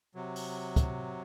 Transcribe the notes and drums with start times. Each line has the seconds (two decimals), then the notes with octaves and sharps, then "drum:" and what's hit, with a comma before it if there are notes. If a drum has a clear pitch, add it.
0.15 C3 F#3
0.36 drum: open hi-hat
0.76 drum: kick, hi-hat